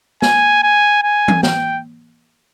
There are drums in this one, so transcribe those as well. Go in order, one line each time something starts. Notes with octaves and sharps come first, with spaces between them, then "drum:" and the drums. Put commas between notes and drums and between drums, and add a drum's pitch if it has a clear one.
G#5, drum: snare
G#5
G#5
drum: tom E3
G5, drum: snare